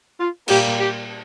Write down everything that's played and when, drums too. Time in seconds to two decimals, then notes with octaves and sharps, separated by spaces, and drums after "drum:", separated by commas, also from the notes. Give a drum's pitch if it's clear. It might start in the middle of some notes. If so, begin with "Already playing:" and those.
0.19 F4
0.48 A#2 G3 A#3 G4, drum: cymbal
0.79 G4